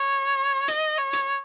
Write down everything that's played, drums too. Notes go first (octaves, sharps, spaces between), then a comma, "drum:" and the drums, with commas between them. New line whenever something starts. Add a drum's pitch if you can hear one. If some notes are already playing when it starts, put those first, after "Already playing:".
Already playing: C#5
D#5, drum: hi-hat
C#5
drum: hi-hat